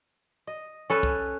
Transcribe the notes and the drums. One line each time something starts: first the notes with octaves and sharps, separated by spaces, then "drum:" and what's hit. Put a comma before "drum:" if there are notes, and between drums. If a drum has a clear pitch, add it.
D#5
C#4 A4 B4
drum: kick